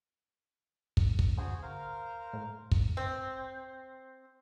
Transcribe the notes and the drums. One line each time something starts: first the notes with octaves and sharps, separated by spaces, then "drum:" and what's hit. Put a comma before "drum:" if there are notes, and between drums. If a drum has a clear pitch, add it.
drum: kick
drum: kick
D2 F#4 G#4 C5
A#4 C5 F5
A2
drum: kick
C4